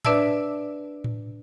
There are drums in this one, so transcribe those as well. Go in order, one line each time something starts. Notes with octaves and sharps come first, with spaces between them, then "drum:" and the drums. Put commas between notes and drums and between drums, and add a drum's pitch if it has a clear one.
D4 B4 D5 E5 A5 E6, drum: tom A2
drum: tom A2